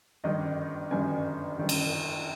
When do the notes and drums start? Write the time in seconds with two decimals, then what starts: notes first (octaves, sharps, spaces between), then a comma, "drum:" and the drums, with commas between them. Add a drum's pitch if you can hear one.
0.24 G1 F#2 D#3 G3 D#5
0.91 G1 F#2 D#3 G3 G#5
1.58 G1 F#2 D#3 G3
1.69 drum: cymbal